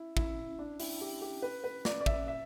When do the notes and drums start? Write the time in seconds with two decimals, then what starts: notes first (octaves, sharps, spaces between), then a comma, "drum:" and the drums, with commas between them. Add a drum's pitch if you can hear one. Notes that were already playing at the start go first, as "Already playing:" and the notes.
Already playing: E4
0.17 E4, drum: kick
0.59 D4
0.80 E4, drum: open hi-hat
1.01 G4
1.22 G4
1.42 B4
1.64 B4
1.85 D5, drum: snare
2.01 D5
2.06 E5, drum: kick
2.28 E5